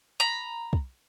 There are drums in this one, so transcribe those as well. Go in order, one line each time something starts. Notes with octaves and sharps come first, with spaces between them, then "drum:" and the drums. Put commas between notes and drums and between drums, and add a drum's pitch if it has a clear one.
A#5 B5
drum: kick